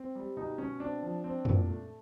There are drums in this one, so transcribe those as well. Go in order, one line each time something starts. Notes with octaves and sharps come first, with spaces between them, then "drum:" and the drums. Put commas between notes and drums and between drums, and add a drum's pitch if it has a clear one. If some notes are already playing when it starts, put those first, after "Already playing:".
Already playing: C4
G3
B2 D#4
B2 C#4
C4 D4
F3
C4
A#2, drum: tom F2
A3